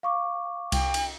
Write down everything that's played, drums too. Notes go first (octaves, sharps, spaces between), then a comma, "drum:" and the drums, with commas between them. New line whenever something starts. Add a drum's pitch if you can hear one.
F5 C#6 D6
C2 G5, drum: cymbal
drum: cymbal